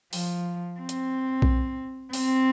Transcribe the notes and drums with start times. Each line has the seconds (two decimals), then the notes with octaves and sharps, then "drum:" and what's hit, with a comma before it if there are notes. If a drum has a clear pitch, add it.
0.13 F3, drum: open hi-hat
0.80 C4
0.89 drum: hi-hat
1.42 drum: kick B1
2.13 C4, drum: open hi-hat